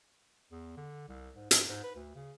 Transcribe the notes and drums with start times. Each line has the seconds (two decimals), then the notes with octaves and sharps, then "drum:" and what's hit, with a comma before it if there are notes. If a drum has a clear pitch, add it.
0.52 E2
0.77 D3
1.09 C2
1.36 G#2
1.51 G2, drum: hi-hat
1.69 G#2
1.84 B4
1.96 D2
2.16 C#3